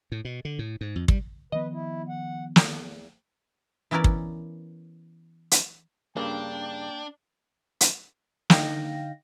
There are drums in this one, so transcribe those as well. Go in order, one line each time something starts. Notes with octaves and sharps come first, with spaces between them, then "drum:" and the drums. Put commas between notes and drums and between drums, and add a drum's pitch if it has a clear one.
A2
B2
D3
A2
G#2
F2
G3, drum: kick
D#3 F3 B3 B4 D#5
E4
F#5
E2, drum: snare
E3 B3 C#4 E4 A#4 D5
drum: kick
drum: hi-hat
G2 C#3 A#3 D4 G5
drum: hi-hat
D3 D#4 F5 G5 A#6, drum: snare